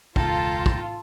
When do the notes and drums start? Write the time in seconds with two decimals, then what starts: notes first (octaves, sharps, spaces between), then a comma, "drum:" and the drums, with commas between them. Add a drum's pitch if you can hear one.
0.16 E1 C#2 F4 A4 G5 A5 A#5, drum: kick
0.66 drum: kick